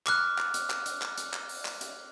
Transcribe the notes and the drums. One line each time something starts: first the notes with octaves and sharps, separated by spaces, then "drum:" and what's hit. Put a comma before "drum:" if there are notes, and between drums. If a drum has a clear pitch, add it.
D6 F6 F#6, drum: clap
drum: clap
drum: hi-hat
drum: clap
drum: hi-hat
drum: clap
drum: hi-hat
drum: clap
drum: open hi-hat
drum: clap
drum: hi-hat